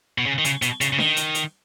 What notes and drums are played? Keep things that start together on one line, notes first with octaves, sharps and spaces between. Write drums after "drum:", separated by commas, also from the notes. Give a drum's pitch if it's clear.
B2
C#3
D#3
C#3, drum: hi-hat
B2, drum: hi-hat
C#3, drum: hi-hat
C#3
D#3, drum: snare D4
drum: hi-hat
drum: hi-hat